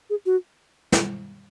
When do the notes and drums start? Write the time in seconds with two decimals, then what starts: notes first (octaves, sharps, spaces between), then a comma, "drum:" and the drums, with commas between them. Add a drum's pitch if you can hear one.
0.10 G#4
0.26 F#4
0.92 drum: snare